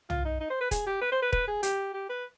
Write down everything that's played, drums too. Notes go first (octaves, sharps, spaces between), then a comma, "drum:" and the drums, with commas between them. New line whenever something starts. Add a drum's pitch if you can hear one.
F4, drum: tom
D#4
D#4
C5
B4
G#4, drum: kick, hi-hat
G4
B4
C5
B4
B4, drum: kick
G#4
G4, drum: hi-hat
G4
B4